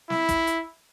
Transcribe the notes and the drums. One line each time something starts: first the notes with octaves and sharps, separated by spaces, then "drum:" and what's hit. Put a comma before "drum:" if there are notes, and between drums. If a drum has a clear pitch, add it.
E4, drum: snare
drum: kick, hi-hat
drum: hi-hat